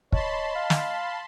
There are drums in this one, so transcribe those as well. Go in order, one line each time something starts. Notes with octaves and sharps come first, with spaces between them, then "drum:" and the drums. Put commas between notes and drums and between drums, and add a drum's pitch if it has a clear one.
C#5 D#5 A5 B5 C6, drum: kick
F5
drum: snare